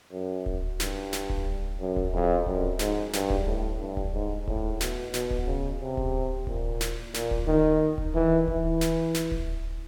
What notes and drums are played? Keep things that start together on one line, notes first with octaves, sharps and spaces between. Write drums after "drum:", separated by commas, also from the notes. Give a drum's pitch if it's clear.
F#2
drum: kick D1
G2, drum: snare
drum: snare
drum: kick D1
F#2
drum: kick D1
F2
F#2, drum: kick D1
G#2, drum: snare
G2, drum: snare
drum: kick D1
A2
G2
drum: kick D1
G#2
A2, drum: kick D1
B2, drum: snare
B2, drum: snare
drum: kick D1
C#3
C3
drum: kick D1
A#2, drum: kick D1
drum: snare
A#2, drum: snare
drum: kick D1
D#3
drum: kick D1
E3
E3, drum: kick D1
drum: snare
drum: snare
drum: kick D1